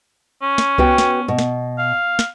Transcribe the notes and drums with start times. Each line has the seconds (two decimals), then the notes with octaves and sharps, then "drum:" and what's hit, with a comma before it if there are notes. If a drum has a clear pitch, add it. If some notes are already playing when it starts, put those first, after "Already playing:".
0.42 C#4
0.58 drum: snare
0.78 B3 F#4 G5, drum: kick C2
0.98 drum: snare
1.28 B2
1.39 drum: snare
1.79 F5
2.19 drum: snare